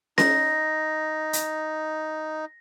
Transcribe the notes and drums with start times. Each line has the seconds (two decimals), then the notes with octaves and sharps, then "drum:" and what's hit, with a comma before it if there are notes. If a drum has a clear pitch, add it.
0.18 D#4 A#6, drum: snare C#4
1.33 drum: hi-hat